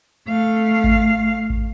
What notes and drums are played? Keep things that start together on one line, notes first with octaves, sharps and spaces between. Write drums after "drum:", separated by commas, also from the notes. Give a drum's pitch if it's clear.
A3 F5
drum: kick G#1
drum: kick G#1